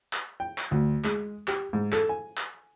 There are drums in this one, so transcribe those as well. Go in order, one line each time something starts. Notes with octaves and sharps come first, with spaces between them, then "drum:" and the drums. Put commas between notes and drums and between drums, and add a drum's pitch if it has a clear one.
drum: clap
G5
drum: clap
D2
G#3, drum: clap
G4, drum: clap
G#2
A4, drum: clap
G#5
drum: clap